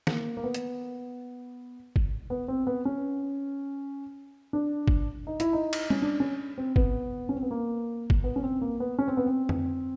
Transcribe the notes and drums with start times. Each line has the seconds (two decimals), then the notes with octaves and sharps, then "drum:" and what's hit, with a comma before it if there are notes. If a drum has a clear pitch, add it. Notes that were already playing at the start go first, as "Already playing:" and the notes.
0.07 A#3, drum: snare
0.37 A#3
0.44 B3
0.54 drum: hi-hat
1.96 drum: kick
2.30 B3
2.48 C4
2.67 B3
2.85 C#4
4.53 D4
4.88 drum: kick
5.27 D#4
5.40 E4, drum: hi-hat
5.53 D#4
5.73 drum: cymbal
5.90 C#4, drum: tom G3
6.02 D4
6.20 C#4
6.58 C4
6.76 B3, drum: kick
7.29 C#4
7.36 C4
7.42 B3
7.51 A#3
8.10 drum: kick
8.24 B3
8.36 C#4
8.43 C4
8.61 A#3
8.80 B3
8.99 C#4
9.08 C4
9.17 B3
9.26 C4
9.49 drum: tom F2